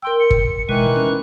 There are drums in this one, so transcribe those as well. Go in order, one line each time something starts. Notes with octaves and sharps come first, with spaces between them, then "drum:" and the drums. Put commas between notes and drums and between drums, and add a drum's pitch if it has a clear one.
A#4 G5 C6 E6
C#7
drum: kick G1
B2 D#3 E3 G#3 F#6
C#4